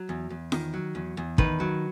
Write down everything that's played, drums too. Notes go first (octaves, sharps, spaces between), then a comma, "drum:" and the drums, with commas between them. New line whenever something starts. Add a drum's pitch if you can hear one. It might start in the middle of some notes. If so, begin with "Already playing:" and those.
Already playing: F#3
E2
E2
D#3, drum: snare F4
F#3
E2
E2
D#3 B4, drum: kick
F#3